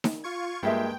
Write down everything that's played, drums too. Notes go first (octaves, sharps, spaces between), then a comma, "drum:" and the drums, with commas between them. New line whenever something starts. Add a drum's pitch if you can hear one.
drum: snare D#4
F4 C#6 G#6
G2 G#3 A#3 F4 E5 G5